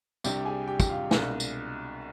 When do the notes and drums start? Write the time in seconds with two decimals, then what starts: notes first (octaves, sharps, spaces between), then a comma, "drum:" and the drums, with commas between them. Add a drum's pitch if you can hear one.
0.24 C2 C3 G3 D4 G4 G5, drum: tambourine
0.45 G#4 G#5
0.68 G4 G5
0.80 G5, drum: kick, tambourine
0.89 F4 F5
1.11 C2 B2 G#3 D4, drum: snare
1.40 drum: tambourine